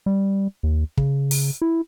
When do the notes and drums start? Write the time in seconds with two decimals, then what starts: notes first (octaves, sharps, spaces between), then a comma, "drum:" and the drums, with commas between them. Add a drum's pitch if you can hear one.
0.06 G3
0.63 D#2
0.97 C#3, drum: kick
1.31 drum: open hi-hat
1.62 E4